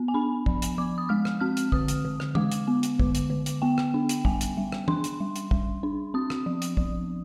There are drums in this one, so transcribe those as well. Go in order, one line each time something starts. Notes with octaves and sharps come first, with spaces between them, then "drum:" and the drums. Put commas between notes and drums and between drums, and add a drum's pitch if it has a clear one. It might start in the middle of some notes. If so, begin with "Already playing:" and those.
Already playing: B3
G#5
D4 B5
F3, drum: kick
drum: hi-hat
F3 D6
D#6
G#3 F6
drum: rim click
C4 F6
drum: hi-hat
D3 D#6, drum: kick
drum: hi-hat
D3
drum: rim click
G#3 D6, drum: tom
drum: hi-hat
B3
drum: hi-hat
D3, drum: kick
drum: hi-hat
D3
drum: hi-hat
B3 G5
drum: rim click
D4
drum: hi-hat
G3 G#5, drum: kick
drum: hi-hat
G3
drum: rim click
D4 C6, drum: tom
drum: hi-hat
G3
drum: hi-hat
G3, drum: kick
D4
C4 D#6
drum: rim click
F3
drum: hi-hat
F3, drum: kick